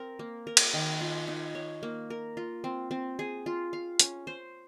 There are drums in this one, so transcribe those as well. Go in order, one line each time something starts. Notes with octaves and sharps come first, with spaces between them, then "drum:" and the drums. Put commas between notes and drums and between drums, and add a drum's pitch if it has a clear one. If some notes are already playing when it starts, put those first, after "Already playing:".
Already playing: C4 A#4
A#3
A#4
drum: cymbal
D#3
F4
D#4
C#5
A#3
A#4
F4
C4
C4
G#4
F4
F5
C#4, drum: hi-hat
C5